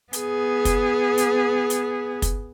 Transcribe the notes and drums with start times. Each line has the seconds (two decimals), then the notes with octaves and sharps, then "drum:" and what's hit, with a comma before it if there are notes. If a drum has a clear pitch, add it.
0.13 B3 G#4, drum: hi-hat
0.65 drum: kick, hi-hat
1.18 drum: hi-hat
1.70 drum: hi-hat
2.22 drum: kick, hi-hat